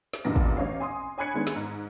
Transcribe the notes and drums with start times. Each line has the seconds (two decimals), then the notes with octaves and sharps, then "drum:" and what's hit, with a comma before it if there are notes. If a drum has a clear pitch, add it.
0.14 drum: snare
0.25 F#1 E2 G2 A#2 B3 A#6
0.36 drum: kick
0.57 A1 C#5 F5
0.80 G#5 C6 D#6
1.18 C#5 G#5 B5 F#6 G#6 C#7
1.34 D#3 G#3 B3 D4
1.47 drum: snare
1.56 G#2